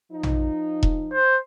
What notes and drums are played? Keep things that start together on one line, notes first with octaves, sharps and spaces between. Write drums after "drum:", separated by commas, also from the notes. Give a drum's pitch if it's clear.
F3 D#4
drum: tom A#1
drum: kick E1
C5